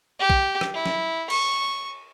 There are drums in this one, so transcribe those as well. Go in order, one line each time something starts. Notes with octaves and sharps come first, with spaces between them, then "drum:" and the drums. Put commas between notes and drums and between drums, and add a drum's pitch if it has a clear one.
G4
drum: kick
drum: rim click
E4
drum: snare
C#6, drum: cymbal